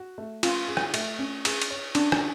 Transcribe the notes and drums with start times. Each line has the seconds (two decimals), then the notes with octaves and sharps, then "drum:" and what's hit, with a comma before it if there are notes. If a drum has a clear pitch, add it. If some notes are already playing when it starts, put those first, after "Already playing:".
Already playing: F#4
0.18 A3
0.43 C#4 F4, drum: cymbal
0.68 G#4
0.77 drum: rim click
0.94 A3, drum: cymbal
1.19 C#4
1.45 G#4, drum: cymbal
1.62 drum: cymbal
1.71 C#5
1.95 C#4 D4, drum: cymbal
2.12 drum: rim click